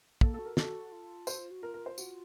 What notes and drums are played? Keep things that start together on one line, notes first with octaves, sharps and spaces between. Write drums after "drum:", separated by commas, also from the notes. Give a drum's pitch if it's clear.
A#3 A4, drum: kick
F#4 A4
A#4
A4, drum: snare
F#4
F4
F#4 C5, drum: tambourine
F4
F#4
F4 A#4
A#4
C5
F#4, drum: tambourine